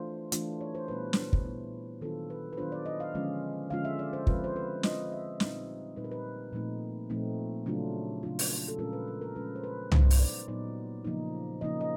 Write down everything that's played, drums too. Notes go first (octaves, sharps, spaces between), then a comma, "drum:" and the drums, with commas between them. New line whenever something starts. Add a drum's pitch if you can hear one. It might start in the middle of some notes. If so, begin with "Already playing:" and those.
Already playing: E3 A3 D4 F4 C5
E3 A3 D4 F4, drum: hi-hat
C#5
C5
A#2 G3 B3 E4 B4
drum: snare
drum: kick
A#2 G3 B3 E4
D#3 F#3 B3 D4 F4 A4
B4
B4
D#3 F#3 B3 D4 F4 C5
D5
D#5
F5
D3 F3 G#3 C#4 F4
D3 F3 G#3 C#4 F4 F5
E5
D5
C5
F3 G#3 C4 F4 B4, drum: kick
C5
B4
F3 G#3 C4 F4 D#5, drum: snare
E5
A#2 G3 C4 D#4 D#5, drum: snare
A#2 G3 C4 D#4 B4
A#4
B4
A#2 F3 A3 C4 D#4
A#2 F3 A3 C4 D#4
C#3 F#3 A3 D4 F4
C#3 F#3 A3 D4 F4
drum: open hi-hat
A4
A#2 F3 G#3 C#4 F4 A#4
B4
A#4
A#4
A#2 F3 G#3 C#4 F4 B4
C5
B4
A#2 F#3 B3 D#4 C5, drum: tom
drum: open hi-hat
D5
A#2 F#3 B3 D#4 D5
C#3 F3 A#3 D#4
C#3 F3 A#3 D#4 D#5
D#5